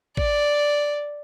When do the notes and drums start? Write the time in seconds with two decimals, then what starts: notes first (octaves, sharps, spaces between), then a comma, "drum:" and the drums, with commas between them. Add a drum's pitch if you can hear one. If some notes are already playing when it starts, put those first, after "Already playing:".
0.17 D5, drum: kick